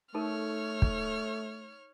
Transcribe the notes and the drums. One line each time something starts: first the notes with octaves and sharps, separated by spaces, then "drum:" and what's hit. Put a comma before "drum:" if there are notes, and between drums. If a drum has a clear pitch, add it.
A3 D#4 A4 A#4 C#5 F6
drum: kick